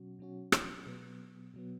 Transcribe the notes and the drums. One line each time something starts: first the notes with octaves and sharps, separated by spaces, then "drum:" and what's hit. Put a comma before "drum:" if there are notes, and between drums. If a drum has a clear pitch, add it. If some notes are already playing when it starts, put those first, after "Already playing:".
Already playing: B2 F#3 C#4 F#4
B2 F#3 C#4 F#4
drum: rim click
B2 F#3 B3
B2 F#3 B3